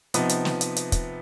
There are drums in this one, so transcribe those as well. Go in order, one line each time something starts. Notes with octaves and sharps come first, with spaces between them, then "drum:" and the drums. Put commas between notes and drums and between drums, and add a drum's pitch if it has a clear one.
C3 F3 B3 D#4, drum: hi-hat
drum: hi-hat
drum: snare
drum: hi-hat
drum: hi-hat
drum: kick, hi-hat